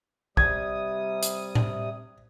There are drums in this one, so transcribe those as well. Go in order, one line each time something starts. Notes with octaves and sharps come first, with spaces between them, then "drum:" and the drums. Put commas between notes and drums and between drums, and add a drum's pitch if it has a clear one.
C3 G3 D#6 G#6, drum: kick
drum: hi-hat
drum: tom A2